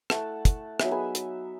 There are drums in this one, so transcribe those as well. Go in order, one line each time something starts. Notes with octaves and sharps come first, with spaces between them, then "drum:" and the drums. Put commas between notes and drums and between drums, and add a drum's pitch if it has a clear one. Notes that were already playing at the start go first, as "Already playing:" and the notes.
A3 E4 F#5 A5, drum: rim click
drum: kick, hi-hat
F#3 B3 D#4 E5 G#5, drum: rim click
G#4 B4
drum: hi-hat